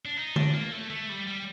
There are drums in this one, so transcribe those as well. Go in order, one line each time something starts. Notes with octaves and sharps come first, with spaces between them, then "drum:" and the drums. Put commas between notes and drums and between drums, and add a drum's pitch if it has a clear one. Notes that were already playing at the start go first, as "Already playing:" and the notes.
D4
D#4
D4, drum: tom D3
A#3
A3
A3
G3
G3